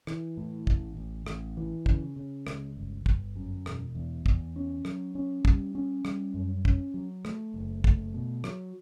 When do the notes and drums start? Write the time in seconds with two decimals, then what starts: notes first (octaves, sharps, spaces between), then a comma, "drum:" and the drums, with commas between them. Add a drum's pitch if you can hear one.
0.07 E3, drum: rim click
0.37 A2
0.67 A1, drum: kick
0.97 A1
1.26 A1, drum: rim click
1.57 E3
1.86 C#3, drum: kick
2.16 C#3
2.47 C#2, drum: rim click
2.77 G1
3.06 G1, drum: kick
3.36 F#2
3.66 E1, drum: rim click
3.95 E2
4.26 E2, drum: kick
4.56 C#4
4.85 F#3, drum: rim click
5.15 C#4
5.45 G3, drum: kick
5.75 C#4
6.05 G3, drum: rim click
6.34 F#2
6.65 C#4, drum: kick
6.94 F#3
7.25 A3, drum: rim click
7.54 F#1
7.84 A3, drum: kick
8.14 B2
8.44 F#3, drum: rim click